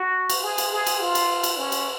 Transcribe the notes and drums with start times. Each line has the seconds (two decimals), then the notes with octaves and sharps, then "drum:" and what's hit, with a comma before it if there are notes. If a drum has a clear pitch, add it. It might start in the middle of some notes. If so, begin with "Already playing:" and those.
Already playing: F#4
0.30 drum: cymbal
0.44 G#4
0.58 drum: cymbal
0.72 G#4
0.87 drum: cymbal
1.00 F4
1.15 drum: cymbal
1.44 drum: cymbal
1.58 C#4
1.72 drum: cymbal